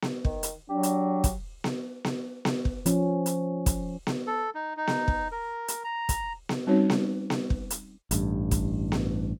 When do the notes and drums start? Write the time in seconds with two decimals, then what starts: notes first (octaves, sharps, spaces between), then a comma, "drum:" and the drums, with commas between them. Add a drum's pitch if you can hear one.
0.02 drum: snare B3
0.25 D#3, drum: kick
0.43 drum: hi-hat
0.70 F#3 D4 G4
0.83 drum: hi-hat
1.24 drum: kick, hi-hat
1.64 drum: snare B3
2.04 drum: snare B3
2.45 drum: snare B3
2.65 drum: kick
2.86 F3 C#4, drum: hi-hat
3.26 drum: hi-hat
3.66 drum: kick, hi-hat
4.07 drum: snare B3
4.27 A4
4.55 D#4
4.77 D#4
4.87 drum: snare B3
5.08 drum: kick
5.32 A#4
5.68 drum: hi-hat
5.84 A#5
6.09 drum: kick, hi-hat
6.49 drum: snare B3
6.67 G3 C4 C#4 D#4 F#4 C#5
6.90 drum: snare B3
7.30 drum: snare B3
7.50 drum: kick
7.70 drum: hi-hat
8.11 A1 G2, drum: hi-hat
8.51 drum: kick, hi-hat
8.92 drum: snare B3